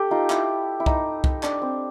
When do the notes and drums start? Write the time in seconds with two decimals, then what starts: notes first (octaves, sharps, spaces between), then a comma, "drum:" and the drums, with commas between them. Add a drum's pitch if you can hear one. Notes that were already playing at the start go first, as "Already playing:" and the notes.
Already playing: G4 A4
0.11 D#4 F4
0.30 E4, drum: clap
0.80 E4
0.86 D#4, drum: kick C2
1.24 drum: kick C2
1.43 D4, drum: clap
1.62 C4